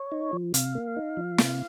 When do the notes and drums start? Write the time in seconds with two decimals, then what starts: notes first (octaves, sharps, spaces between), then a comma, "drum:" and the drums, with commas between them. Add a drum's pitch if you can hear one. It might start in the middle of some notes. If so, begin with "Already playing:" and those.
Already playing: C#5
0.12 D#4
0.33 F3
0.54 C3 F5, drum: hi-hat
0.75 A#3
0.96 D#4
1.17 F3
1.38 C3, drum: snare